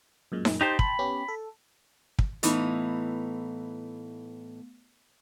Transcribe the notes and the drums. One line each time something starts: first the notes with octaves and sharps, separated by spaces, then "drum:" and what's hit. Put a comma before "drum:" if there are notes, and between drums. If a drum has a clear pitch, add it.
F#2 A#2 G#3
drum: snare D#4
D#4 G4 C5 G5 A5 C6
B5, drum: kick
B3 C#4 G4
A4
drum: kick
A2 E3 A3 B3 D#4, drum: hi-hat